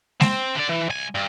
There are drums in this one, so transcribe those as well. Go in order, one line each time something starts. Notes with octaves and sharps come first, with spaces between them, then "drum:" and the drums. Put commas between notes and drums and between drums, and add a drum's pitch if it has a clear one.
C4, drum: snare G#3
D3 D5
E3
C2 G#5
G2